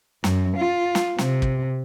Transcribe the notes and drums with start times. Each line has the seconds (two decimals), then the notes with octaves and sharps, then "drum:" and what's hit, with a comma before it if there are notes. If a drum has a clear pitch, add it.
0.24 F#2, drum: snare
0.57 F4
0.95 drum: snare
1.18 C3, drum: snare
1.42 drum: kick